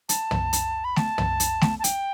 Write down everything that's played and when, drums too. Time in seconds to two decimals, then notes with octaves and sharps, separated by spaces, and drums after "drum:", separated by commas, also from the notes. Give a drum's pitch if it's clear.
0.09 A5, drum: hi-hat
0.31 drum: tom
0.53 drum: hi-hat
0.84 B5
0.96 A5, drum: snare A3
1.18 drum: tom
1.40 drum: hi-hat
1.61 drum: snare A3
1.79 A5
1.84 G5, drum: hi-hat